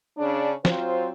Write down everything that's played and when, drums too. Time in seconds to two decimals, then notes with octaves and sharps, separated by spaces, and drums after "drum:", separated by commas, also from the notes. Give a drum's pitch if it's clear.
0.18 C#3 D4
0.65 F#3 C4 F4 C5, drum: snare